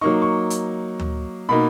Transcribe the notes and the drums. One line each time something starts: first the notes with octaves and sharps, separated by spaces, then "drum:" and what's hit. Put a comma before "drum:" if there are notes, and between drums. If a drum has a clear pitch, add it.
F#3 A#3 D#4 C#6
C#6
drum: hi-hat
drum: tom D2
B2 A#3 D#4 B5